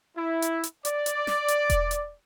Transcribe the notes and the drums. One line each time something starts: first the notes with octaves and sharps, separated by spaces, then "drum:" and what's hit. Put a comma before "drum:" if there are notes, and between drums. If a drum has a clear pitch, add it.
E4
drum: hi-hat
drum: hi-hat
D5, drum: hi-hat
drum: hi-hat
drum: snare
drum: hi-hat
drum: kick E1, hi-hat
drum: hi-hat